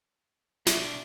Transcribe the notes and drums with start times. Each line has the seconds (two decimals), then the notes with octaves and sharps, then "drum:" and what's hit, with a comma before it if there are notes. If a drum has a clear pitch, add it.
0.67 B2 D4 E5 D6, drum: snare